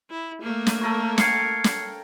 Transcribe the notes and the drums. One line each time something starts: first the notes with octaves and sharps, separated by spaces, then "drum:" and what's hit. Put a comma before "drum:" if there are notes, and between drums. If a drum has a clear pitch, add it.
E4
A3 A#3
drum: snare
A4 A#4 C#5
F5 G5 G#6 C7 C#7, drum: snare
drum: snare